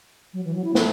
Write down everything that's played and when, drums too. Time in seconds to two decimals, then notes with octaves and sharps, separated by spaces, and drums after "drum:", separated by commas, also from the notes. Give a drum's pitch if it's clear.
0.34 F#3
0.44 E3
0.55 F#3
0.64 E4
0.75 A3, drum: snare